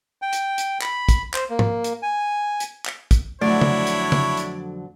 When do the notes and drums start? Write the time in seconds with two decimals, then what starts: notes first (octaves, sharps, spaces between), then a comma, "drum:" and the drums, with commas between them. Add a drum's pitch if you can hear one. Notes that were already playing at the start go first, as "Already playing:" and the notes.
0.22 G5
0.33 drum: hi-hat
0.58 drum: hi-hat
0.82 B5, drum: clap
1.09 drum: kick, hi-hat
1.34 C5, drum: clap
1.50 A#3
1.59 drum: tom
1.84 drum: hi-hat
2.02 G#5
2.60 drum: hi-hat
2.86 drum: clap
3.11 drum: kick, hi-hat
3.41 F2 D3 F#3 A3 D4 E4 C#5 D5
3.61 drum: tom
3.87 drum: hi-hat
4.12 drum: tom
4.37 drum: hi-hat